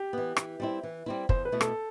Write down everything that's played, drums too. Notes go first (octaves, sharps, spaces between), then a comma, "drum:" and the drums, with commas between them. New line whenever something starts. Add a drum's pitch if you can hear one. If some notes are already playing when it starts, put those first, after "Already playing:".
Already playing: G4
E3 B3
E3, drum: rim click
G3 C4 E4
E3
G3 C4 E4
E2 C5, drum: kick
B4
B2 A3 E4
A4, drum: rim click